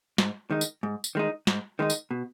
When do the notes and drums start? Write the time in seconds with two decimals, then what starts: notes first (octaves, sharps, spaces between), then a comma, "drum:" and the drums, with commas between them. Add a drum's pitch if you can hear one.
0.18 G#2, drum: snare
0.51 D#3 G#3 D#4
0.61 drum: tambourine
0.83 G#2
1.04 drum: tambourine
1.15 D#3 G#3 D#4
1.47 G#2, drum: snare
1.79 D#3 G#3 D#4
1.90 drum: tambourine
2.11 B2